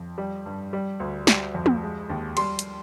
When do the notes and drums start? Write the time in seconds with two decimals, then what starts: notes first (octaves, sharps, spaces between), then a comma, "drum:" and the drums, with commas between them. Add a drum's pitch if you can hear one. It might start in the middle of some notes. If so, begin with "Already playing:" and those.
Already playing: F2
0.18 G3
0.46 G2
0.73 G3
1.00 D2
1.27 G3, drum: snare
1.54 F2
1.66 drum: tom
1.83 G#3
2.10 D#2
2.37 G3 C6, drum: cymbal
2.59 drum: hi-hat